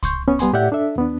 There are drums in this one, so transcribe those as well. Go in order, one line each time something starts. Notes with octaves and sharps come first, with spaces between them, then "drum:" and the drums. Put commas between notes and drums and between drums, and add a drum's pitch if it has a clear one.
C6 C#6 G6, drum: kick C2, hi-hat
B3 C#4 C#6
G3 B3 G#5 C6, drum: hi-hat
A2 G4 D5 E5 F#5 G6
D4 A4 E5
D#2 B3 D4